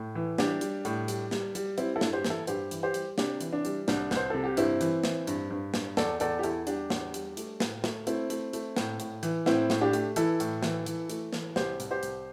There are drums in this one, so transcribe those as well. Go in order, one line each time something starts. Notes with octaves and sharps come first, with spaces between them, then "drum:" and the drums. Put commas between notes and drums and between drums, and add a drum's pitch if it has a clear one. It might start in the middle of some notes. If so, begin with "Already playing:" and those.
Already playing: A2
E3
G3 D4 G4, drum: snare
G3, drum: hi-hat
A2, drum: hi-hat
G3, drum: hi-hat
G3, drum: snare
G3, drum: hi-hat
G3 C4 E4, drum: hi-hat
E4 A4
G2, drum: snare
G4 C5
E3, drum: snare
E4 A4
G2 G4 C5, drum: hi-hat
E3, drum: hi-hat
G4 C5
G3, drum: hi-hat
C3 D4 G4, drum: snare
E3, drum: hi-hat
D4
G3, drum: hi-hat
C2 D4, drum: snare
C2, drum: snare
C5
C3 A4
G4
G2 C4 E4, drum: hi-hat
E3, drum: hi-hat
E3, drum: snare
G2, drum: hi-hat
G2
G2, drum: snare
E2 A4 D5, drum: snare
E2 A4 D5, drum: hi-hat
G4
E2 E4 A4, drum: hi-hat
G3 D4 G4, drum: hi-hat
E2, drum: snare
G3, drum: hi-hat
A3, drum: hi-hat
A2, drum: snare
A3, drum: snare
A3 C4 E4, drum: hi-hat
A3, drum: hi-hat
A3, drum: hi-hat
A2, drum: snare
A2, drum: hi-hat
E3, drum: hi-hat
A2 C4 E4, drum: snare
A2, drum: snare
D4 G4
A3, drum: hi-hat
E3 E4 A4, drum: hi-hat
A2, drum: hi-hat
E3, drum: snare
E3, drum: hi-hat
A3, drum: hi-hat
E3, drum: snare
C2 G4 C5, drum: snare
C2, drum: hi-hat
G4 C5
C2, drum: hi-hat